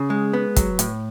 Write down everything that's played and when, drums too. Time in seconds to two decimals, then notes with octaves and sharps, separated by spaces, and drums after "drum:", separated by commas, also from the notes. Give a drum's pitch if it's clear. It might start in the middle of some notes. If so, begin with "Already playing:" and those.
Already playing: C#3
0.10 G#3
0.33 B3
0.56 F#3, drum: kick, hi-hat
0.79 A2, drum: hi-hat